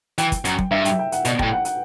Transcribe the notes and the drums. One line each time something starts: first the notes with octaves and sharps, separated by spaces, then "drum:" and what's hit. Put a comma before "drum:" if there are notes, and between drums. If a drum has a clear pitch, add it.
E3 G5, drum: hi-hat
drum: kick, hi-hat
F#2, drum: hi-hat
drum: kick
G2 E5
G5, drum: hi-hat
G5
F#5, drum: hi-hat
B2 D5, drum: hi-hat
G5, drum: kick
A2
F#5
F#5, drum: hi-hat